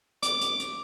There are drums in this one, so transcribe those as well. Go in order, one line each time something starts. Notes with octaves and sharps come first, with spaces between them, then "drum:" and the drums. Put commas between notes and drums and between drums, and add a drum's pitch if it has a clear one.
D6, drum: hi-hat
drum: hi-hat
drum: hi-hat